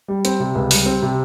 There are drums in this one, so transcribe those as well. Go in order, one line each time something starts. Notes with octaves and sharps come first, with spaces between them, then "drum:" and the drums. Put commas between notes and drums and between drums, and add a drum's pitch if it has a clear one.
G3
C4, drum: hi-hat
C3
C#2
G3, drum: open hi-hat
C4
C3